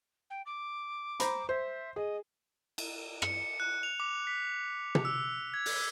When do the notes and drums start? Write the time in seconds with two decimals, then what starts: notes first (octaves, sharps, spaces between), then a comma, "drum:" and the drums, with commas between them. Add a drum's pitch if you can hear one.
0.30 G5
0.46 D6
1.20 C5 A#5 B5, drum: hi-hat
1.49 C5 E5
1.96 G#4 D#5
2.78 drum: cymbal
3.22 C#7, drum: rim click
3.60 F#6
3.83 F7
4.00 D6
4.27 B6
4.95 drum: tom
5.05 E6
5.54 G#6
5.66 drum: open hi-hat